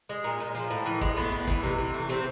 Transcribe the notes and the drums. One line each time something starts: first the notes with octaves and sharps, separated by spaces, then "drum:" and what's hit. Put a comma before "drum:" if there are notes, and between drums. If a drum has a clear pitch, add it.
G#3
A#2
A#2
F3
A2
E3
G#3, drum: kick
A2 B3
A2
E3, drum: kick
C3
E3
A3
C3 C4